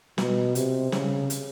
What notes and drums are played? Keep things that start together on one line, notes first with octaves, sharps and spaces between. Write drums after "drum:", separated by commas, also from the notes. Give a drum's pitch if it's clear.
B2, drum: snare
C3, drum: hi-hat
C#3, drum: snare
drum: hi-hat